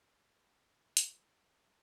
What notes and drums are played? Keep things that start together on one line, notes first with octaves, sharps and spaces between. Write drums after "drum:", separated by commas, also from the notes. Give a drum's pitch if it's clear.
A3 D4, drum: hi-hat